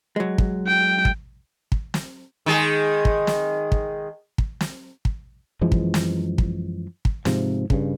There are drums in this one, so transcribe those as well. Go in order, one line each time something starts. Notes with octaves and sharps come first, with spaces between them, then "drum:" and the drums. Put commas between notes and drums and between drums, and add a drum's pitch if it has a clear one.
F#3 G#3
drum: kick
G5
drum: kick
drum: kick
drum: snare
D#3 G#3 G#4
drum: kick
drum: snare
drum: kick
drum: kick
drum: snare
drum: kick
F#2 E3 F3 G#3
drum: kick
drum: snare
drum: kick
drum: kick
G#2 C3 F3, drum: snare
G2 C#3, drum: kick